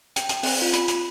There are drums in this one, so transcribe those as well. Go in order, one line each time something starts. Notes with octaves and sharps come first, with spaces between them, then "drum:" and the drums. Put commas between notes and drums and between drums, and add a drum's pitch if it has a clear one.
G5, drum: hi-hat
drum: hi-hat
C4, drum: open hi-hat
F4
B5, drum: hi-hat
drum: hi-hat